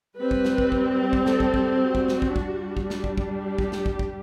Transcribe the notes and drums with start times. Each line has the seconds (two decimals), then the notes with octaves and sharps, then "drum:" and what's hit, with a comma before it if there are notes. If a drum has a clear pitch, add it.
0.17 G3 C4 B4
0.31 drum: kick
0.45 drum: snare
0.58 drum: kick
0.72 drum: kick
1.13 drum: kick
1.26 A4, drum: snare
1.40 drum: kick
1.54 drum: kick
1.81 F#4
1.95 drum: kick
2.08 drum: snare
2.22 drum: kick
2.36 G3 D4, drum: kick
2.77 drum: kick
2.90 drum: snare
3.04 drum: kick
3.18 drum: kick
3.44 G4
3.58 drum: kick
3.72 drum: snare
3.86 drum: kick
3.99 drum: kick